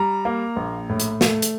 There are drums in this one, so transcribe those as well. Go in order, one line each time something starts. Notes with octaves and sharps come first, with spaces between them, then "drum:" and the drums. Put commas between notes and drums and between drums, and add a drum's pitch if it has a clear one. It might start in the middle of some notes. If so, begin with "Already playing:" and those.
Already playing: G3 A#5
A#3
A#1
A2
drum: hi-hat
A3, drum: snare
drum: hi-hat